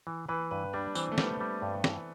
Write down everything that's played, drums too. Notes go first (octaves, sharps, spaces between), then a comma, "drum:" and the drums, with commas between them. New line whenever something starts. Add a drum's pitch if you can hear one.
E3
E3 B4
G2 B4
G3 D4
E3 C4, drum: tambourine
A3
G3 B3, drum: snare
G3
G2
E3, drum: snare